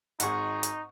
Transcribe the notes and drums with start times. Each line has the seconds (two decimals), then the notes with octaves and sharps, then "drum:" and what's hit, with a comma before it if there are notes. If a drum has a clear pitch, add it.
0.20 G#1 G#2 D#4 G#4 F#5 C#6, drum: hi-hat
0.63 drum: hi-hat